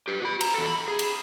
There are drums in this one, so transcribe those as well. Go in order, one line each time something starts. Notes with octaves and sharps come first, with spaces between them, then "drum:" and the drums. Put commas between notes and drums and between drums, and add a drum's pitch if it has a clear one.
G4 B4
F#4 B5
A#5, drum: cymbal
E2 A4
B5
G#4
drum: cymbal